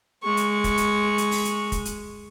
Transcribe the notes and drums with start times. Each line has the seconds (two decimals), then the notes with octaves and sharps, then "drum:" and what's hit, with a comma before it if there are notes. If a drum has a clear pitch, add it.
0.24 G#3 C#6
0.37 drum: hi-hat
0.64 drum: kick, hi-hat
0.77 drum: hi-hat
1.18 drum: hi-hat
1.31 drum: open hi-hat
1.45 drum: hi-hat
1.72 drum: kick, hi-hat
1.85 drum: hi-hat